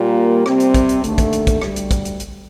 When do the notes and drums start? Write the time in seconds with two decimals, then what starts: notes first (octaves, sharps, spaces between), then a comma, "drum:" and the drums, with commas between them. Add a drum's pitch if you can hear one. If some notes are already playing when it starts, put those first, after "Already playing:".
Already playing: A#2 G3 A#3 F4
0.46 C3 G3 C4, drum: rim click
0.60 drum: hi-hat
0.74 drum: kick, hi-hat
0.89 drum: hi-hat
1.04 D#2 D3 A3, drum: hi-hat
1.18 drum: kick, hi-hat
1.33 drum: hi-hat
1.47 drum: kick, hi-hat
1.62 D2 D3 G3, drum: rim click
1.76 drum: hi-hat
1.91 drum: kick, hi-hat
2.05 drum: hi-hat
2.20 drum: hi-hat